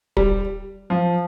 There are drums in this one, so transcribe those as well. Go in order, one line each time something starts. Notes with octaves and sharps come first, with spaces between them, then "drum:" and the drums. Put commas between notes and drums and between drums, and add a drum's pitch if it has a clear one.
G3, drum: kick
F3